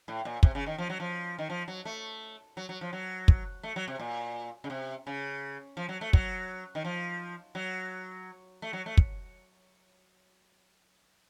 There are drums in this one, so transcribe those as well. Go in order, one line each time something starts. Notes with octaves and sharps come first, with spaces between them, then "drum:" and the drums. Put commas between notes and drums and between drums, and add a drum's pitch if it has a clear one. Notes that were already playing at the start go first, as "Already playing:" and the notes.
A2
A#2
C3, drum: kick
C#3
D#3
F3
F#3
F3
D#3
F3
F#3
A3
F#3
F#3
F3
F#3
drum: kick
A3
F#3
C3
A#2
C#3
C3
C#3
F3
F#3
A3
F#3, drum: kick
D#3
F3
F#3
A3
F#3
A3
drum: kick